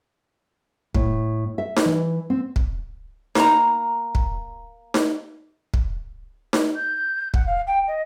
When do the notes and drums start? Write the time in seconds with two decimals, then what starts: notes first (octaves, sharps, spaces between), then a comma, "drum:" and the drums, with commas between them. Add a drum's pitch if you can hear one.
0.95 A2, drum: kick
1.58 E5
1.76 drum: snare D#4
1.86 E3
2.30 C4
2.56 drum: kick
3.35 A#3 A#5, drum: snare D#4
4.15 drum: kick
4.94 drum: snare D#4
5.74 drum: kick
6.53 drum: snare D#4
6.75 G6
7.34 F#5, drum: kick
7.46 F5
7.67 G5
7.87 D#5